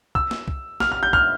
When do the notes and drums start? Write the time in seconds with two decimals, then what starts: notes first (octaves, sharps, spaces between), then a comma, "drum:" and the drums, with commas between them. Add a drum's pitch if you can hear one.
0.15 E6, drum: kick C2
0.31 drum: snare
0.48 drum: kick C2
0.80 F6, drum: snare
0.92 F6
1.03 G6
1.13 F6, drum: kick C2